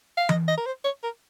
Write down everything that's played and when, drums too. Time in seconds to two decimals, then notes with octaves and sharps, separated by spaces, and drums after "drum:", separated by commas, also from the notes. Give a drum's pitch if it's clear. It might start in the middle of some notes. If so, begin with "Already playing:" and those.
0.17 F5
0.29 D#5, drum: tom E3
0.48 D#5
0.57 A#4
0.66 C5
0.84 C#5
1.03 A#4